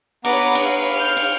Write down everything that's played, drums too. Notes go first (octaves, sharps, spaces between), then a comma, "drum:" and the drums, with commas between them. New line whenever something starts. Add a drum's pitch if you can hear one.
B3 B4 C#5 A#5 D6, drum: cymbal
drum: cymbal
F5
F6 G6
drum: cymbal